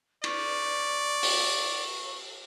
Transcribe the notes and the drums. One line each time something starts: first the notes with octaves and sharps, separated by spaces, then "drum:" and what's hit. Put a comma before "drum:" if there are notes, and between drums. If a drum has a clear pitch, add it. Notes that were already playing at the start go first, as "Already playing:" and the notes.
D5 C#6, drum: cymbal
drum: open hi-hat